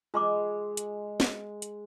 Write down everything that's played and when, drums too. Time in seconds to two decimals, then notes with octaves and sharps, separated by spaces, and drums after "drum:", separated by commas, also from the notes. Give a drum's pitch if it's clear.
0.14 G#3 F4 C6 D6
0.77 drum: hi-hat
1.20 drum: snare
1.62 drum: hi-hat